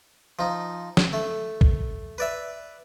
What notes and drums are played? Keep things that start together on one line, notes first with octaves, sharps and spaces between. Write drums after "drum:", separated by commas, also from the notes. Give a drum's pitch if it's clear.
F3 D#4
drum: snare
A3
drum: kick A#1
B4 D5 E5